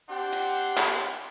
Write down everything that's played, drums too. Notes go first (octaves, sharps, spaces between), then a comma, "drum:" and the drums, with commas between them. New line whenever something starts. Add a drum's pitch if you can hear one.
C4 D4 G4 F#5 C6
drum: hi-hat
drum: clap